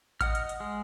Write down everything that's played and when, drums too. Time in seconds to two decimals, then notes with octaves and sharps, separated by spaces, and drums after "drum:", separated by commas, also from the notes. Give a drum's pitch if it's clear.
0.21 D#5 F#5 F6, drum: kick A1, hi-hat
0.35 drum: hi-hat
0.49 drum: hi-hat
0.60 G#3